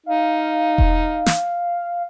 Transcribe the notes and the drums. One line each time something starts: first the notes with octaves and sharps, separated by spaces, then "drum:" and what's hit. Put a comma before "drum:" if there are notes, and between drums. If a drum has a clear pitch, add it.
D#4 F5
drum: kick E1
drum: snare